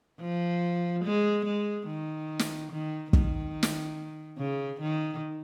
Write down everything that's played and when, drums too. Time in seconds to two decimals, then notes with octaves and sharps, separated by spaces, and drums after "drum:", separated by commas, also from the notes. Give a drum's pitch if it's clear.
0.21 F3
1.05 G#3
1.46 G#3
1.88 D#3
2.39 drum: snare
2.72 D#3
3.13 D#3, drum: kick
3.63 drum: snare
4.38 C#3
4.81 D#3